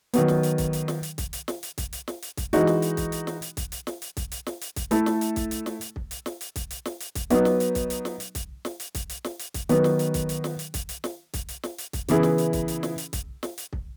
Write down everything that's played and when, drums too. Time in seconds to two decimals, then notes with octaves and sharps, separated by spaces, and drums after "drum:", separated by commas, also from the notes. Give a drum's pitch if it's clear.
0.14 D#3 F#3 B3, drum: hi-hat
0.28 drum: snare
0.43 drum: hi-hat
0.58 drum: kick, hi-hat
0.73 drum: hi-hat
0.88 drum: snare
1.03 drum: hi-hat
1.18 drum: kick, hi-hat
1.33 drum: hi-hat
1.48 drum: snare
1.63 drum: hi-hat
1.78 drum: kick, hi-hat
1.93 drum: hi-hat
2.08 drum: snare
2.22 drum: hi-hat
2.37 drum: kick, hi-hat
2.53 E3 G#3 D#4 F#4, drum: hi-hat
2.67 drum: snare
2.82 drum: hi-hat
2.97 drum: kick, hi-hat
3.12 drum: hi-hat
3.27 drum: snare
3.42 drum: hi-hat
3.57 drum: kick, hi-hat
3.72 drum: hi-hat
3.87 drum: snare
4.02 drum: hi-hat
4.17 drum: kick, hi-hat
4.32 drum: hi-hat
4.47 drum: snare
4.61 drum: hi-hat
4.76 drum: kick, hi-hat
4.91 A3 E4 A4, drum: hi-hat
5.06 drum: snare
5.21 drum: hi-hat
5.36 drum: kick, hi-hat
5.51 drum: hi-hat
5.66 drum: snare
5.81 drum: hi-hat
5.96 drum: kick
6.11 drum: hi-hat
6.26 drum: snare
6.41 drum: hi-hat
6.56 drum: kick, hi-hat
6.71 drum: hi-hat
6.85 drum: snare
7.00 drum: hi-hat
7.15 drum: kick, hi-hat
7.30 F#3 B3 D#4, drum: hi-hat
7.45 drum: snare
7.60 drum: hi-hat
7.75 drum: kick, hi-hat
7.90 drum: hi-hat
8.05 drum: snare
8.20 drum: hi-hat
8.35 drum: kick, hi-hat
8.65 drum: snare
8.80 drum: hi-hat
8.95 drum: kick, hi-hat
9.10 drum: hi-hat
9.24 drum: snare
9.39 drum: hi-hat
9.54 drum: kick, hi-hat
9.69 D#3 F#3 B3 F#4 B4, drum: hi-hat
9.84 drum: snare
9.99 drum: hi-hat
10.14 drum: kick, hi-hat
10.29 drum: hi-hat
10.44 drum: snare
10.59 drum: hi-hat
10.74 drum: kick, hi-hat
10.89 drum: hi-hat
11.04 drum: snare
11.34 drum: kick, hi-hat
11.49 drum: hi-hat
11.63 drum: snare
11.78 drum: hi-hat
11.93 drum: kick, hi-hat
12.08 C#3 E3 B3 E4 G#4, drum: hi-hat
12.23 drum: snare
12.38 drum: hi-hat
12.53 drum: kick, hi-hat
12.68 drum: hi-hat
12.83 drum: snare
12.98 drum: hi-hat
13.13 drum: kick, hi-hat
13.43 drum: snare
13.58 drum: hi-hat
13.73 drum: kick